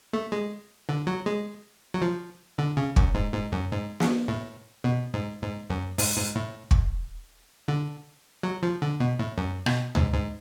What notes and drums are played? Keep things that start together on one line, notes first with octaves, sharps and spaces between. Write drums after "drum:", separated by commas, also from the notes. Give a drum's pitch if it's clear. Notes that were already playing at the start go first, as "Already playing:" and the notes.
A3
G#3
D3
F#3
G#3
F#3
F3
D3
C#3
F#2, drum: kick
G#2
G#2
F#2
G#2
drum: snare
A2
B2
G#2
G#2
F#2
G#2, drum: open hi-hat
G#2
A2
drum: kick
D3
F#3
F3
D3
B2
A2
F#2
B2, drum: rim click
G#2, drum: tom D2
G#2